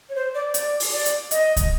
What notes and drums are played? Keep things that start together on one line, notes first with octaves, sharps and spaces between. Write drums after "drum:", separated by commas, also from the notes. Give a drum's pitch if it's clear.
C#5
C5
D5
D5, drum: hi-hat
drum: open hi-hat
D5
drum: hi-hat
D#5, drum: hi-hat
drum: kick, hi-hat